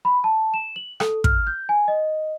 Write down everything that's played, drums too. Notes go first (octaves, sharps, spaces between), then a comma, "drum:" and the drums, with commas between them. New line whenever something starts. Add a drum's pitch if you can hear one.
B5
A5
E7
F#7
A4, drum: rim click
F6, drum: kick
G6
G#5
D#5